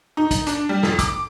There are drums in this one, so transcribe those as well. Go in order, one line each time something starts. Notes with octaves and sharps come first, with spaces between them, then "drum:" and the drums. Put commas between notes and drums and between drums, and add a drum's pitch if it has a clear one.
D#4
drum: kick, hi-hat
D4, drum: hi-hat
G3
F2, drum: snare
D6, drum: kick, hi-hat